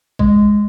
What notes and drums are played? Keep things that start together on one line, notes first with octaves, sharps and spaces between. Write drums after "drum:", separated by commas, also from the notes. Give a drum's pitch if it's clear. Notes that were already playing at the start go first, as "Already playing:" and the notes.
G#3, drum: kick A1